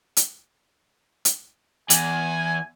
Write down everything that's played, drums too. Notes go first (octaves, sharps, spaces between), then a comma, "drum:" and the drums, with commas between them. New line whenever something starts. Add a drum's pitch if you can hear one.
drum: hi-hat
drum: hi-hat
E2 G#5, drum: hi-hat